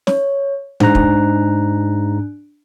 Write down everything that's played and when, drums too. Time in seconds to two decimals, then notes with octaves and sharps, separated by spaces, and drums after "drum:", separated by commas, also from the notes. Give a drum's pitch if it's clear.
0.07 C#5, drum: snare
0.80 G#2 D4 A#5 F#6, drum: tom G#2
0.95 drum: kick